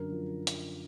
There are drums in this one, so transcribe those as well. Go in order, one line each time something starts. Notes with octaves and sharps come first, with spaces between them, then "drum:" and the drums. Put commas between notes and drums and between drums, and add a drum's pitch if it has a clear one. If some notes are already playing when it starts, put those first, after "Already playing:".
Already playing: F#2 D3 A#4
F3
drum: hi-hat